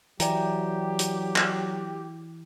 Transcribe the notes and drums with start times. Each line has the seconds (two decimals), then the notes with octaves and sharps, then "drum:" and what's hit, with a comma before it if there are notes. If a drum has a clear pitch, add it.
0.20 E3 F#3 G4 D5 G5 A#5, drum: hi-hat
0.99 drum: hi-hat
1.36 drum: clap